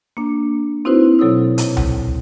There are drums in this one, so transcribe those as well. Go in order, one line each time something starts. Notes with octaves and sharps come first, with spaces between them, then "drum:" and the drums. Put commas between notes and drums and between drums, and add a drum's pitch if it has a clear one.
A#3 D4
C4 D#4 E4 F#4 B4 C5
B2 F#3 A4 C#5 D#6 E6
A#2, drum: hi-hat
drum: tom C#2